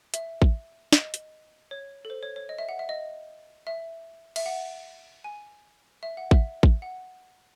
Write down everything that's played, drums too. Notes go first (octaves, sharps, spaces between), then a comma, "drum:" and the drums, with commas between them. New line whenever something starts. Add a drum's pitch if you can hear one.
E5, drum: hi-hat
drum: kick A1
D#5, drum: snare
drum: hi-hat
C#5
A4
C5
C#5
C#5
D#5
E5
F#5
E5
D#5
E5
E5, drum: cymbal
F#5
G#5
E5
F#5
E5, drum: kick A1
drum: kick A1
F#5